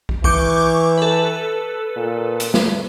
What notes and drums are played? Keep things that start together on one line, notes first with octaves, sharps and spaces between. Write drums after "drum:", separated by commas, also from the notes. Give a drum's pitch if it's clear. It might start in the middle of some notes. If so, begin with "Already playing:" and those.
drum: kick
E3 C#6 D6 G6, drum: kick
A4 B4
A#2
drum: hi-hat
drum: snare